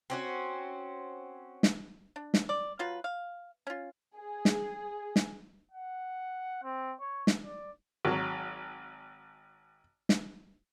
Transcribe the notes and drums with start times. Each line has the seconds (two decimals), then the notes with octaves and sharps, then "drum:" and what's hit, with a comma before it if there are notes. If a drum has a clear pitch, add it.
0.10 C4 C#4 F#4
1.63 drum: snare
2.16 D4
2.34 drum: snare
2.49 D5
2.79 F#3 F4 B4
3.04 F5
3.67 C#4 F4
4.16 G#4
4.45 drum: snare
5.16 drum: snare
5.72 F#5
6.63 C4
7.00 C#5
7.27 drum: snare
7.44 D5
8.05 G#1 F#3
10.09 drum: snare